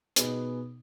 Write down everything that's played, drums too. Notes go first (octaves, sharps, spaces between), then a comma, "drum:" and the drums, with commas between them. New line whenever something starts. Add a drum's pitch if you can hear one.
B2 B3 D#4 G#4, drum: hi-hat